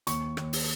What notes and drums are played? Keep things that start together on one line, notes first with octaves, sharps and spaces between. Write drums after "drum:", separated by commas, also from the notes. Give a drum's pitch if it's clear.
D#2 C#6, drum: hi-hat
D#2, drum: rim click
drum: open hi-hat